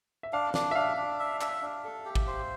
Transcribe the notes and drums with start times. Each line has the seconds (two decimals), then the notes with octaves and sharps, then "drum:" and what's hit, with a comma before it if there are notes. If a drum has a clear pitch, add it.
0.23 E5
0.33 D4 F5
0.54 D4, drum: snare
0.71 E5
0.75 D4 F5
0.97 D4
1.19 E5
1.41 E5, drum: clap
1.62 D4
1.84 A4
2.05 G4
2.16 drum: kick
2.27 C5